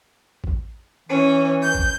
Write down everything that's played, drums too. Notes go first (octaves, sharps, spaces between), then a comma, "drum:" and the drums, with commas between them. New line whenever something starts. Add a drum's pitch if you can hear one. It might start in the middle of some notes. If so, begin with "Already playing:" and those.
drum: kick A1
E3 C#4
G6
drum: kick A1